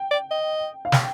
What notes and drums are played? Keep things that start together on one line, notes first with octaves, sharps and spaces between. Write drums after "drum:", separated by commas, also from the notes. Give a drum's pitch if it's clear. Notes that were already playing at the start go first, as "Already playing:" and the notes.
Already playing: G5
D5
D#5
F5
G5, drum: snare